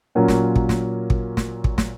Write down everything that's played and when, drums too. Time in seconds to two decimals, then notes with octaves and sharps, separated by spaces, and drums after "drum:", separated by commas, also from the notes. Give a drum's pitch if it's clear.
0.15 A#2 F#3 A#3 C#4 F4
0.28 drum: snare
0.56 drum: kick
0.69 drum: snare
1.10 drum: kick
1.37 drum: snare
1.64 drum: kick
1.78 drum: snare